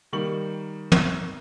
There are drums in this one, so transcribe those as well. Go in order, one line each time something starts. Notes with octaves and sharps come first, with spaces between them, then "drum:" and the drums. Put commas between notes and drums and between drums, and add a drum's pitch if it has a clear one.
D#3 G3 A#3 C#6 F#7
drum: tom